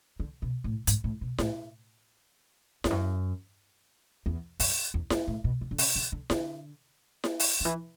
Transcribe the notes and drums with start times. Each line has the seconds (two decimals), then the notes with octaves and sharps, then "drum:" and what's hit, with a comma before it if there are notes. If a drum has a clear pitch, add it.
0.20 D3
0.42 B2
0.64 A2
0.87 G#2, drum: hi-hat
1.04 A2
1.21 B2
1.38 A2, drum: snare E4
2.84 E2, drum: snare E4
2.90 F#2
4.26 E2
4.60 F#2, drum: open hi-hat
4.94 E2
5.10 G#2, drum: snare E4
5.27 A2
5.44 B2
5.61 C#3
5.71 D3
5.78 C#3, drum: open hi-hat
5.96 D3
6.12 D3
6.30 D3, drum: snare E4
7.24 drum: snare E4
7.40 drum: open hi-hat
7.61 D3
7.65 E3